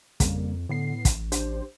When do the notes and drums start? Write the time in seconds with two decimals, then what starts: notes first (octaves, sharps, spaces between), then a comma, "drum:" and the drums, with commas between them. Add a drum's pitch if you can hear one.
0.20 F2 C#3 G3 A#3, drum: kick, hi-hat
0.69 A2 D3 B3 C7
1.05 A1, drum: kick, hi-hat
1.32 D4 G4 C5, drum: hi-hat